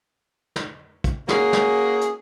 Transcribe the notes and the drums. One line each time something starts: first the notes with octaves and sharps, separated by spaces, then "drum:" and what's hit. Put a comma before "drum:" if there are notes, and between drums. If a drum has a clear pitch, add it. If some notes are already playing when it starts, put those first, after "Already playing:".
drum: snare
drum: kick, hi-hat
A#3 C#4 F#4 G#4, drum: snare
drum: snare
drum: hi-hat